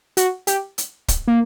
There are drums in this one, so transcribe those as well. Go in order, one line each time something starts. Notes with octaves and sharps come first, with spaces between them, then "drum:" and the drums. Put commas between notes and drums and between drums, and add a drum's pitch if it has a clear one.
F#4, drum: hi-hat
G4, drum: hi-hat
drum: hi-hat
drum: kick, hi-hat
A#3